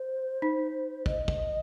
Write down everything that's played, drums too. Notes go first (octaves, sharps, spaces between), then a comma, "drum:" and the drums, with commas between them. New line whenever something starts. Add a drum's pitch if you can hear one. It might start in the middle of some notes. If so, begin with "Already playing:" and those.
Already playing: C5
D#4
D#5, drum: kick
drum: kick